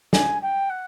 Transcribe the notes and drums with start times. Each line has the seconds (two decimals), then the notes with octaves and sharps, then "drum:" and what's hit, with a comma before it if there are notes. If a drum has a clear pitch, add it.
0.13 G#5, drum: snare
0.42 G5
0.69 F#5